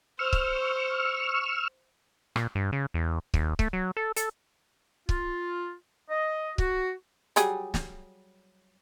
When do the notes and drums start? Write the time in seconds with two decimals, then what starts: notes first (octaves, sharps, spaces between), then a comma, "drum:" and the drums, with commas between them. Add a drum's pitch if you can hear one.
0.19 C5 C#6 E6 F6
0.33 drum: kick C#1
2.36 A#2, drum: rim click
2.55 G2
2.72 C#3
2.94 E2
3.34 D#2, drum: kick C#1
3.59 A3, drum: kick C#1
3.73 F#3
3.97 A4
4.16 A4, drum: hi-hat
5.09 F4, drum: kick C#1
6.10 D#5
6.58 F#4, drum: kick C#1
7.36 F#3 G3 G#4, drum: hi-hat
7.74 drum: snare